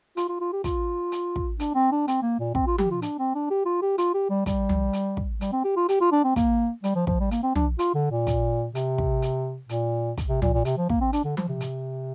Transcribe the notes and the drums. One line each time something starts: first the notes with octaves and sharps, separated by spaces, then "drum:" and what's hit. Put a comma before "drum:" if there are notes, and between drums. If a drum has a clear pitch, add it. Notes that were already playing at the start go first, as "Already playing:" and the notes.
F4, drum: hi-hat
F4
F4
G4
F4, drum: kick, hi-hat
drum: hi-hat
drum: kick
D4, drum: hi-hat
C4
D4
C4, drum: hi-hat
A#3
A#2
C4, drum: kick
F4
G4, drum: tom F3
F4
D4, drum: hi-hat
C4
D4
G4
F4
G4
F4, drum: hi-hat
G4
G3
G3, drum: kick, hi-hat
drum: tom
drum: hi-hat
drum: kick
G3, drum: hi-hat
C4
G4
F4
G4, drum: hi-hat
F4
D4
C4
A#3, drum: kick, hi-hat
G3, drum: hi-hat
F3
F3, drum: kick
G3
A#3, drum: hi-hat
C4
D4, drum: tom
F4, drum: hi-hat
D3
A#2
drum: kick, hi-hat
C3, drum: hi-hat
drum: kick
drum: hi-hat
A#2, drum: hi-hat
drum: kick, hi-hat
C3
A#2, drum: tom
A#2
C3, drum: hi-hat
F3
A#3, drum: kick
C4
D4, drum: hi-hat
D3
F3, drum: tom F3
C3
drum: hi-hat